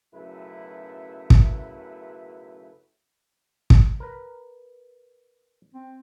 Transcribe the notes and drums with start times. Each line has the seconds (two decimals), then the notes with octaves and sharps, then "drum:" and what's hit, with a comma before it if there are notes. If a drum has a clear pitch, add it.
0.14 B1 F#2 C#3 A3 E4 B4
1.30 drum: kick
3.70 drum: kick
4.00 A#4 B4
5.74 C4